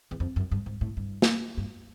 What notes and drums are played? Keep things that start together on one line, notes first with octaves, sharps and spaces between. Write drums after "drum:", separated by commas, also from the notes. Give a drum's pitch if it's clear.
E2
F2
F#2
G2
G#2
A2
G2
drum: snare
G2